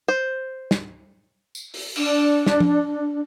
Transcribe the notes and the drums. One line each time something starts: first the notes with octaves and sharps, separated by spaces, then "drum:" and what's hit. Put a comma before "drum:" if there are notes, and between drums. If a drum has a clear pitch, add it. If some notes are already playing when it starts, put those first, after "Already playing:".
C5
drum: snare
drum: tambourine
drum: open hi-hat
D4, drum: cymbal
drum: snare
drum: tom F3